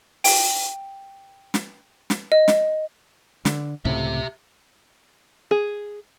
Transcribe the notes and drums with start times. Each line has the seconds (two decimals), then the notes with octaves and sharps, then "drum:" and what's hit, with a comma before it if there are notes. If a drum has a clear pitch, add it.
0.24 G5, drum: open hi-hat
1.54 drum: snare
2.10 drum: snare
2.32 D#5
2.48 drum: snare
3.45 D3, drum: snare
3.85 C#2 A2 C3 G4 E5
5.51 G#4